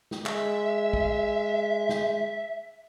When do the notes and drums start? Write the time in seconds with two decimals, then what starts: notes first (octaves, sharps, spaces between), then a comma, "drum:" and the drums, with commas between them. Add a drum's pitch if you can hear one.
0.11 drum: snare
0.26 G#3 E5, drum: clap
0.93 drum: kick
1.89 drum: snare